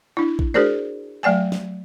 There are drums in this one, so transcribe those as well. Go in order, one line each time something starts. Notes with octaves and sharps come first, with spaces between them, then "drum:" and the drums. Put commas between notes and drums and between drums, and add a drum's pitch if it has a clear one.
D4 E4
drum: kick A#1
D4 F#4 G#4 A#4 C5 D5, drum: tom G#3
F#3 A3 D5 G5 G#5
drum: snare